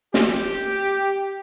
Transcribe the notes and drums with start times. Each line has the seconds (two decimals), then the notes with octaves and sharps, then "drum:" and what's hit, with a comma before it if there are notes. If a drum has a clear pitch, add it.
0.14 G4, drum: snare